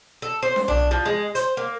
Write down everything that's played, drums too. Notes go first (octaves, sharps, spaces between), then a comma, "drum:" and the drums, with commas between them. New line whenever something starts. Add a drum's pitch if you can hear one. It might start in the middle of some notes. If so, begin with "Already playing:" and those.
A4
C5
drum: snare C#4
D4, drum: tom B1
F3
G#3
C5, drum: hi-hat
A#3